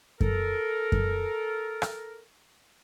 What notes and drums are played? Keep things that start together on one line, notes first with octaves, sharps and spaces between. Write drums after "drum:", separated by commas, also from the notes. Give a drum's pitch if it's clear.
A4 A#4, drum: kick F#2
drum: kick F#2
drum: rim click